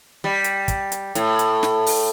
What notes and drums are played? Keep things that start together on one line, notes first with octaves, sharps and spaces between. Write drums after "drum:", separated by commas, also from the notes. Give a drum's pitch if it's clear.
G3
drum: hi-hat
drum: kick, hi-hat
drum: hi-hat
A2, drum: hi-hat
drum: hi-hat
drum: snare
drum: open hi-hat